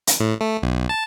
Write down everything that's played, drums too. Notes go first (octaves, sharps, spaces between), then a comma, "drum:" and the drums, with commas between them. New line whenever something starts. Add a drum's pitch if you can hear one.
drum: hi-hat
A2
A3
B1
A5